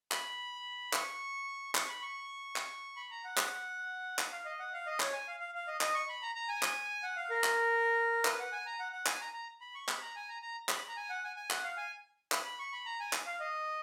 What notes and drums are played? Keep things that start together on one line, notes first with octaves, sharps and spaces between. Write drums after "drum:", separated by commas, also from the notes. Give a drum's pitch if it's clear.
B5, drum: clap
C#6, drum: clap
C#6, drum: clap
B5
C#6
drum: clap
B5
A#5
F#5
drum: clap
drum: clap
F5
D#5
F#5
F5
D#5
C#5, drum: clap
G#5
F5
F5
F5
D#5
D#5, drum: clap
C#6
B5
A#5
A#5
G#5
drum: clap
F#5
F5
A#4
drum: clap
B4, drum: clap
F#5
G#5
A#5
F#5
F#5
G#5, drum: clap
A#5
A#5
B5
C#6
B5, drum: clap
A#5
G#5
A#5
A#5
B5, drum: clap
A#5
G#5
F#5
G#5
G#5
F#5, drum: clap
F5
G#5
B5, drum: clap
B5
C#6
B5
A#5
G#5
drum: clap
F5
D#5